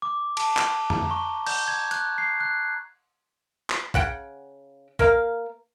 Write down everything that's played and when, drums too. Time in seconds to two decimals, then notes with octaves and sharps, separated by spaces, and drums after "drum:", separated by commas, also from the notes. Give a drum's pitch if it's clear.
0.02 D6
0.37 A5, drum: cymbal
0.57 drum: clap
0.90 A#5, drum: tom F2
1.11 C#6
1.46 G6, drum: cymbal
1.68 G#6
1.91 F#6, drum: hi-hat
2.18 C7
2.40 F#6
3.70 drum: clap
3.94 C#3 F#5 G5, drum: kick
4.99 A#3 A#4 F5, drum: kick